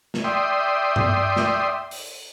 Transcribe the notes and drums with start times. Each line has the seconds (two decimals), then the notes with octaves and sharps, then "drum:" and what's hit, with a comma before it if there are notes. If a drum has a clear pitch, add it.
0.14 drum: snare
0.24 D5 E5 G5 C6 D#6
0.96 drum: tom G2
1.36 drum: snare
1.91 drum: open hi-hat